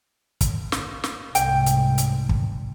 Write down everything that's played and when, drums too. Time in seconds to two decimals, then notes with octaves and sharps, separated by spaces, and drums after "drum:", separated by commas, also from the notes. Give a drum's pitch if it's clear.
0.41 drum: kick, hi-hat
0.72 drum: snare
1.04 drum: snare
1.35 C2 G#2 G5, drum: hi-hat
1.66 drum: hi-hat
1.98 drum: hi-hat
2.29 drum: kick